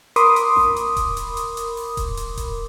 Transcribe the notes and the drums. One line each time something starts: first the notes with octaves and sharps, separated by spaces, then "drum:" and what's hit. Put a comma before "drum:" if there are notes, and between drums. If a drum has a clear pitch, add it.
A#4 B5 C6 D6 D#6, drum: hi-hat
drum: hi-hat
drum: snare A1
drum: hi-hat
drum: kick D#1, hi-hat
drum: hi-hat
drum: hi-hat
drum: hi-hat
drum: open hi-hat
drum: kick D#1, hi-hat
drum: hi-hat
drum: kick D#1, hi-hat